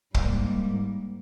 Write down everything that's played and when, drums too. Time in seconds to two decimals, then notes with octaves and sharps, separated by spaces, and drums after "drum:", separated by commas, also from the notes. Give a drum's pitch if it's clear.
0.14 G#2 G3 A#3, drum: kick